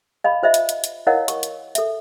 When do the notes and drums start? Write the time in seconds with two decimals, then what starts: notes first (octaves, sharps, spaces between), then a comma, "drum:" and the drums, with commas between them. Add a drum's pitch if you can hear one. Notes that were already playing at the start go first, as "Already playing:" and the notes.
0.24 D#5 F5 B5
0.43 F4 C5 D#5 E5
0.54 drum: hi-hat
0.69 drum: hi-hat
0.84 drum: hi-hat
1.07 E4 A#4 C#5 D#5 F5 F#5
1.28 C#6, drum: hi-hat
1.43 drum: hi-hat
1.75 A4 E5, drum: hi-hat